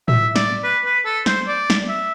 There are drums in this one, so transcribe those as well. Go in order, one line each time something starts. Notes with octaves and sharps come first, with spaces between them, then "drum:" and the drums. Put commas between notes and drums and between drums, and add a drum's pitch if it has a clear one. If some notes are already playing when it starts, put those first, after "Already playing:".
E5, drum: tom A2
D5, drum: snare
B4
B4
A4
C5, drum: snare
D5
drum: snare
E5